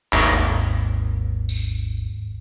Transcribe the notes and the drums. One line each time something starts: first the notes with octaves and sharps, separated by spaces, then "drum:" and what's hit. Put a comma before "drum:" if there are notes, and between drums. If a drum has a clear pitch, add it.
G#1 D#2, drum: clap
drum: tambourine